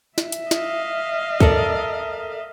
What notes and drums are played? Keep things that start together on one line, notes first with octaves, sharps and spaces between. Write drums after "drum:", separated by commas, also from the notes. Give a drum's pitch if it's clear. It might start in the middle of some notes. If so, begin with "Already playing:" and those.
E5, drum: snare
drum: hi-hat
D#5 F5, drum: snare
A4 A#4 D5, drum: kick